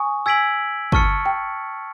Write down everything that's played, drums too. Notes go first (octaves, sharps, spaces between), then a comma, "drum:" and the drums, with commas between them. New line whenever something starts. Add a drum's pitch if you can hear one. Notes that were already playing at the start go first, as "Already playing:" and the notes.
Already playing: G#5 C#6 D#6
G#5 E6 G#6 B6 D7 F#7
A5 C#6 F6 A6 C#7, drum: kick
G5